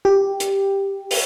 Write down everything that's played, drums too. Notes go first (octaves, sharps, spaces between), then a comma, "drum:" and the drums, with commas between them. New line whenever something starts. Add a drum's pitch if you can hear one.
G4
drum: hi-hat
drum: open hi-hat